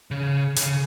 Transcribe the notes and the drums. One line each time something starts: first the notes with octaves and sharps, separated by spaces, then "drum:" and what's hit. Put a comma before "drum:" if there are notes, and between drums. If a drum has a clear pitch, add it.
C#3
C#3, drum: hi-hat